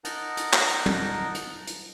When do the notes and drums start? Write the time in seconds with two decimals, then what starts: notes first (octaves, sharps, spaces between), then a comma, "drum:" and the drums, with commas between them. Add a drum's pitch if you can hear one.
0.04 D#4 A#4 F#5 A5, drum: hi-hat
0.37 drum: hi-hat
0.53 drum: clap
0.69 drum: hi-hat
0.86 drum: tom
1.35 drum: hi-hat
1.67 drum: hi-hat